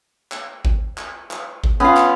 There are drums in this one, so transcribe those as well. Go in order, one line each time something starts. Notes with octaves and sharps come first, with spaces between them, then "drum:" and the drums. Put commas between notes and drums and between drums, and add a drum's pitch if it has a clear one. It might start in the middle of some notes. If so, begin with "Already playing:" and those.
drum: clap
drum: kick G#1
drum: clap
drum: clap
drum: kick G#1
B3 C#4 F4
drum: clap